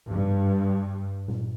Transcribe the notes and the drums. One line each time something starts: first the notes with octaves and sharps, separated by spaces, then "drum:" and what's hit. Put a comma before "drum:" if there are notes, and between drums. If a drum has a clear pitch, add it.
G2, drum: tom
drum: tom A#2